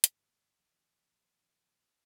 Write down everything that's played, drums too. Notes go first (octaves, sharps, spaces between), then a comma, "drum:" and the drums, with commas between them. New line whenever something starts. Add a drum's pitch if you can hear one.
G1 G2 A#2 G3, drum: hi-hat
A#1 D#3 F#3